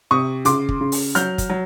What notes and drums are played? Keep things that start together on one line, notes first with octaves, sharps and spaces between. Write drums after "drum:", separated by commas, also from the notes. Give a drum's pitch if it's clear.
C3 C#6 D#6
C#3 C6 D6, drum: hi-hat
drum: kick
C#3
drum: open hi-hat
F#3 F6 G6, drum: hi-hat
drum: kick, hi-hat
F#3